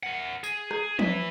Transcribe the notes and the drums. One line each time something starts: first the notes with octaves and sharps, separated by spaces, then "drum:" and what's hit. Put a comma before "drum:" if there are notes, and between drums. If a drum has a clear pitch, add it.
A#4 F#5
G#4, drum: tambourine
drum: rim click
E4 B4, drum: tom F3